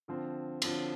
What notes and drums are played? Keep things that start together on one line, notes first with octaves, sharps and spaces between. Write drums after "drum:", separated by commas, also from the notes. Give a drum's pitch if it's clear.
D3 F3 C4
D3 F3 C4, drum: cymbal